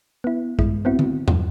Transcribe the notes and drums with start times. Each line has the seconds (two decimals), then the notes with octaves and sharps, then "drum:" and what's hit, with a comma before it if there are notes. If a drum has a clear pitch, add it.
0.24 B3 E4
0.59 G2 G#3 E4, drum: kick
0.85 B3 C4 E4 F#4
0.99 drum: tom D3
1.28 G2, drum: tom E2